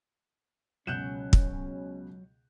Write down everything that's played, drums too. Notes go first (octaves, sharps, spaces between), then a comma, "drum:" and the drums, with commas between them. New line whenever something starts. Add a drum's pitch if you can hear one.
C#2 B2 F#3 C#4 F#6 G6 E7
drum: kick